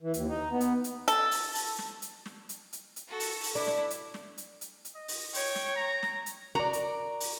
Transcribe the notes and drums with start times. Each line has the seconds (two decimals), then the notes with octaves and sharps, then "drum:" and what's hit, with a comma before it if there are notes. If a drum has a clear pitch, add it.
0.01 E3
0.14 D#2, drum: hi-hat
0.29 D#4
0.51 B3
0.61 drum: hi-hat
0.84 drum: hi-hat
1.08 A4, drum: hi-hat
1.31 drum: open hi-hat
1.55 drum: open hi-hat
1.78 drum: snare
2.02 drum: hi-hat
2.25 drum: snare
2.49 drum: hi-hat
2.73 drum: hi-hat
2.96 drum: hi-hat
3.08 F#4 A4
3.20 drum: open hi-hat
3.43 drum: open hi-hat
3.55 D4 E4 D5
3.67 drum: snare
3.90 drum: hi-hat
4.14 drum: snare
4.38 drum: hi-hat
4.61 drum: hi-hat
4.85 drum: hi-hat
4.95 D#5
5.08 drum: open hi-hat
5.34 C#5 G5, drum: open hi-hat
5.55 drum: snare
5.76 A#5
6.03 drum: snare
6.26 drum: hi-hat
6.55 F#4 A#4 D5 A#5
6.73 drum: hi-hat
7.20 drum: open hi-hat